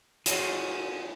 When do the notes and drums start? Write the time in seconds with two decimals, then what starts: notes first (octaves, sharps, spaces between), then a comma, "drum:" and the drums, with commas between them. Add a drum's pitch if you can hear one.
0.26 F4 F#4 G#4 C#5, drum: hi-hat